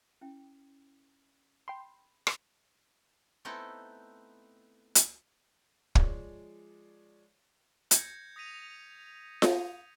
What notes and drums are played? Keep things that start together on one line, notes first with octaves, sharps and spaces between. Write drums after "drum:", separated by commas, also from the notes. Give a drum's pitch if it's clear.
C#4 E4 G5
G5 B5 C6
drum: rim click
A3 B3 C4 D#4 E4 A4
drum: hi-hat
F3 G#3 C#5 D5, drum: kick
G6 G#6 A#6 C#7, drum: hi-hat
D#6 A#6 B6 D#7 F7
drum: snare F4